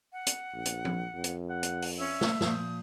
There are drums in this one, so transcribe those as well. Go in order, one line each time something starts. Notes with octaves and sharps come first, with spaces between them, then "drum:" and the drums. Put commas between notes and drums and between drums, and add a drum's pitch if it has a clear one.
F#5
drum: hi-hat
A#1
drum: hi-hat
drum: tom
F2
drum: hi-hat
F#5
drum: hi-hat
drum: open hi-hat
C#4 E5
drum: snare
A#2 F3 D#6, drum: snare